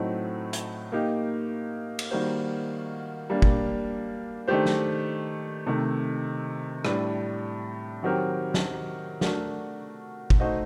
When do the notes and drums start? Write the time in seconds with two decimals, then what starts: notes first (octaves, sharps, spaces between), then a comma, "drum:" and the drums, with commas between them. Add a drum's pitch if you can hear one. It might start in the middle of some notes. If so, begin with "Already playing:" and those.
Already playing: A2 F#3 A3 C4 D#4
0.53 drum: hi-hat
0.92 A#3 D#4 G4
1.99 drum: cymbal
2.11 D#3 G3 A#3 F#4 C5
3.30 G3 A#3 D4
3.42 drum: kick
4.48 D#3 A3 D4 G4 C5
4.66 drum: snare
5.67 C3 D#3 A3
6.85 A2 G3 D4, drum: rim click
8.03 D#3 F#3 C4 G4 A#4
8.54 drum: snare
9.21 A3 D4 F#4 A#4, drum: snare
10.30 drum: kick
10.40 A3 D#4 F#4 C5 D#5